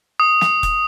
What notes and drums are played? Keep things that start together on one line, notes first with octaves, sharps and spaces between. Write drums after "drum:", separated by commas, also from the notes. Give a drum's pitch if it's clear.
D#6
drum: snare
drum: kick E1, hi-hat